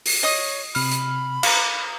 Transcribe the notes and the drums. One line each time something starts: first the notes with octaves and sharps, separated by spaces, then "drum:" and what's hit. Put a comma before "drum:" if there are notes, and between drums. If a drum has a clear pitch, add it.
drum: open hi-hat
C#5 D#5 D#6
C3 B5 F6, drum: open hi-hat
drum: hi-hat
F5 A#5, drum: cymbal